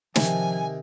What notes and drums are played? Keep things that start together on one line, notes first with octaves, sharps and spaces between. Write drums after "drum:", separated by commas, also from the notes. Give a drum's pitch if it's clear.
C3 D#3 F3 G#5, drum: snare